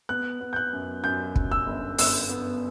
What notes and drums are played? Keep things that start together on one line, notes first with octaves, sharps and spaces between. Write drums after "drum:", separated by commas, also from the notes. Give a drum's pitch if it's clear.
B3 F#6
B3
G6
F#6
F#2
F#2 G6
F#2, drum: kick
E6
G1
G1 E6, drum: open hi-hat
B3